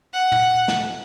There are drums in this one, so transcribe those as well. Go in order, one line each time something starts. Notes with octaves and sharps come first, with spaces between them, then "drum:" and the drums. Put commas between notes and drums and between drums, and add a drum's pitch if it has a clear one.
F#5
drum: tom
drum: snare